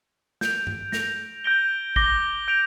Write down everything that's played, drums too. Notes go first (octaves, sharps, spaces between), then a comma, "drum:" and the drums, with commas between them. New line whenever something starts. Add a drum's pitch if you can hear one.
G6 D7 F7, drum: snare
drum: tom G2
A#6 D7 F7, drum: snare
G6 A#6 D7 G7
D6 A#6 G7, drum: kick
G6 D7 F7